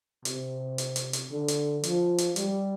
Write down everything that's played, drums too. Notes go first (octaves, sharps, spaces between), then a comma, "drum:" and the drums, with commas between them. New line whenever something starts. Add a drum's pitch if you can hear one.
C3, drum: hi-hat
drum: hi-hat
drum: hi-hat
drum: hi-hat
D3
drum: hi-hat
F3, drum: hi-hat
drum: hi-hat
G3, drum: hi-hat